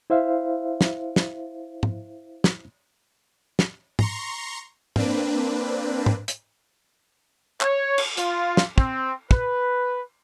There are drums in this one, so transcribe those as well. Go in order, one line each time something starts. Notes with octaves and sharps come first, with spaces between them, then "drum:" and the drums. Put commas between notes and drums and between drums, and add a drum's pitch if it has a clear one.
E4 C5 E5 F5
drum: snare
drum: snare
drum: tom
drum: snare
drum: snare
A#5 C6 C#6, drum: tom
A#3 C4 D4 B4, drum: tom
drum: tom
drum: hi-hat
C#5, drum: clap
drum: cymbal
F4, drum: hi-hat
drum: snare
C4, drum: kick
B4, drum: kick